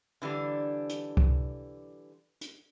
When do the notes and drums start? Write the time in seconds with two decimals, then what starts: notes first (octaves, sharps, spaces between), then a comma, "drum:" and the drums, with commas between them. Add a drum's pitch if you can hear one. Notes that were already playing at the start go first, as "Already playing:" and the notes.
0.22 D3 E3 G3 D4
0.89 drum: hi-hat
1.17 drum: kick C2
2.41 drum: hi-hat